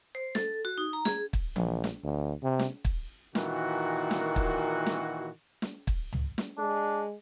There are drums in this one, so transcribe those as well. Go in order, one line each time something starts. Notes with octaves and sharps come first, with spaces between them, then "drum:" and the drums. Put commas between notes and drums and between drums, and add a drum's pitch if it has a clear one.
C5
A4, drum: snare
F#4
D#4
A#5
G#4, drum: snare
drum: kick
A#1, drum: tom E3
drum: snare
D2
C3
drum: snare
drum: kick
A#2 D#3 E3 F#4, drum: snare
drum: snare
drum: kick
drum: snare
drum: snare
drum: kick
drum: tom C#2
drum: snare
G#3 D4